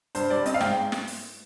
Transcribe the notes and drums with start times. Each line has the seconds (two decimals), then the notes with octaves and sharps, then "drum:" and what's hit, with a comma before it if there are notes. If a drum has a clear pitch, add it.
0.15 G2 C5, drum: hi-hat
0.30 G3 D5
0.46 C4 D#5, drum: hi-hat
0.54 F5
0.61 G#2 G5, drum: snare
0.92 drum: snare
1.07 drum: open hi-hat